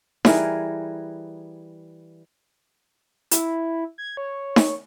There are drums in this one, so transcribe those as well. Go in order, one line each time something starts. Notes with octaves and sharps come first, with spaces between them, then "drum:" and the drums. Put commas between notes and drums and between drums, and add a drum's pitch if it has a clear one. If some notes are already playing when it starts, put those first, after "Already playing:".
E3 G3 G#4 A#4, drum: snare D#4
E4, drum: hi-hat
G#6
C#5
drum: snare D#4